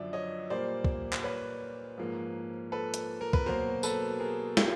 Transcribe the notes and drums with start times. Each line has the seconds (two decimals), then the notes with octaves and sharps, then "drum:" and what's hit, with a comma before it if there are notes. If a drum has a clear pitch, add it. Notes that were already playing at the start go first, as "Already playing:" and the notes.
Already playing: F#2 D3 F3 D5 E5
0.13 C#5 D#5
0.50 A#2 G3 A#3 C5 D5
0.84 drum: kick
1.13 drum: clap
1.24 B4 C#5
1.98 G#2 F3 A#3
2.72 A4 B4
2.94 drum: hi-hat
3.21 A#4
3.33 B4, drum: kick
3.46 B2 F#3 A#3 A#4 C5
3.83 A4 B4, drum: tambourine
4.20 G#4 A#4
4.57 F4 G4, drum: snare